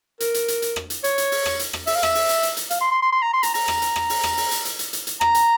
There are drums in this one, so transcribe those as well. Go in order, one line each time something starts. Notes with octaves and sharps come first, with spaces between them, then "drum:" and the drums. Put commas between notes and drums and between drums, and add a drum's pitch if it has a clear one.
A#4, drum: hi-hat
drum: hi-hat
drum: hi-hat
drum: hi-hat
drum: rim click
drum: hi-hat
C#5, drum: hi-hat
drum: hi-hat
drum: open hi-hat
drum: rim click
drum: hi-hat
drum: rim click
E5, drum: open hi-hat
F5
E5, drum: rim click
drum: open hi-hat
drum: hi-hat
drum: hi-hat
drum: hi-hat
F5, drum: hi-hat
C6
C6
C6
C6
A#5
C6
A#5, drum: hi-hat
A#5, drum: open hi-hat
drum: rim click
drum: hi-hat
drum: rim click
drum: open hi-hat
drum: rim click
drum: open hi-hat
drum: hi-hat
drum: hi-hat
drum: hi-hat
drum: hi-hat
drum: hi-hat
A#5, drum: rim click
drum: hi-hat